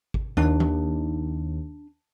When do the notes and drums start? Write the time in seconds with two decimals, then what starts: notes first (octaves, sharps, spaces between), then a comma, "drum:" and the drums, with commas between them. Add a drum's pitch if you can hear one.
0.14 drum: kick
0.37 D#2 D4, drum: tom D#3
0.60 drum: tom D#3